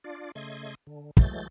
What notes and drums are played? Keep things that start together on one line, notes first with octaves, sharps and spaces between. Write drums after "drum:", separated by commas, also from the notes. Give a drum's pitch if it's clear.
D4 F4 D5
C#3 A3 D#5 C6 G#6
D3
E3 F#3 G#3 A3 G6 A6, drum: kick